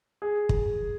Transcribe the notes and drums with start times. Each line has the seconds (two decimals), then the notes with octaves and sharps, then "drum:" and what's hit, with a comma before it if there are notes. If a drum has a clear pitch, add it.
0.22 G#4
0.49 drum: kick